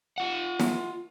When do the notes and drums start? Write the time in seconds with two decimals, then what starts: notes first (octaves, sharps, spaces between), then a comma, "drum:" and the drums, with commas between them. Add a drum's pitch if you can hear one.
0.18 F4 F#5
0.60 drum: snare